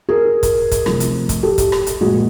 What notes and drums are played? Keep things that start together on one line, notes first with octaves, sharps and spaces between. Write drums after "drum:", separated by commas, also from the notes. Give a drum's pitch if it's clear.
G#4 A#4
drum: kick, hi-hat
drum: kick, hi-hat
C3 F3 A3, drum: rim click
drum: hi-hat
drum: kick, hi-hat
G4 A4
drum: kick, hi-hat
drum: rim click
drum: hi-hat
A#2 F3 G#3 F#4 G#4